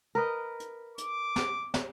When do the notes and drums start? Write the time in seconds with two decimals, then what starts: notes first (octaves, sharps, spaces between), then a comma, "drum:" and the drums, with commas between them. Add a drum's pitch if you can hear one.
0.15 A#4 B4 D#5
0.60 drum: hi-hat
0.98 D6, drum: hi-hat
1.36 drum: snare
1.74 drum: snare